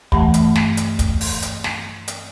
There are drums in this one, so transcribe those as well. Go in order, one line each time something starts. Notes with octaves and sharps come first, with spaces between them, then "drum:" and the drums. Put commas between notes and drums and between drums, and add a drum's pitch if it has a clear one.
G2 E3 A3 F#5 A5 B5, drum: kick
drum: hi-hat
drum: snare
drum: hi-hat
drum: kick, hi-hat
drum: open hi-hat
drum: hi-hat
drum: snare
drum: hi-hat